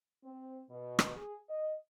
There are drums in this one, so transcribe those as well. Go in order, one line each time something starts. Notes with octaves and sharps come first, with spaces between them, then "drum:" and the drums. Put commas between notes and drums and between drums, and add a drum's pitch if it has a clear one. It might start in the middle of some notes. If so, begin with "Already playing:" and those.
C4
B2
drum: rim click
G#4
D#5